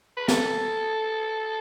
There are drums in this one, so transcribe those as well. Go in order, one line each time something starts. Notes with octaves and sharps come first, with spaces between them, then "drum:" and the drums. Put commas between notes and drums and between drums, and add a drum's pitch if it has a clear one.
B4
A4, drum: snare